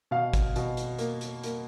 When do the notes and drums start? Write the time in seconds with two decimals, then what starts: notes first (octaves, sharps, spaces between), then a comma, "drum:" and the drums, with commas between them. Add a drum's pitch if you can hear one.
0.11 B2 F5
0.34 drum: kick, hi-hat
0.56 B2, drum: hi-hat
0.77 drum: hi-hat
0.99 A#3, drum: hi-hat
1.21 drum: hi-hat
1.44 A#3, drum: hi-hat